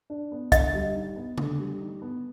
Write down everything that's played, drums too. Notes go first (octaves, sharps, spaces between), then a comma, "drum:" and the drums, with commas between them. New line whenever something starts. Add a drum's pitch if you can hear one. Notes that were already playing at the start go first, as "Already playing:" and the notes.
D4
B3
D3 D#5, drum: kick, hi-hat
G3
D#4
B3
D3, drum: tom C#3
G3
D#4
B3